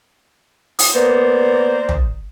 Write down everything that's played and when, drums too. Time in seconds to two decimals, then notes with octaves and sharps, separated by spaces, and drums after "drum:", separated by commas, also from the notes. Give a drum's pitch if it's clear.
0.79 D#6, drum: open hi-hat
0.94 A#3 B3 C5 D5
1.89 drum: tom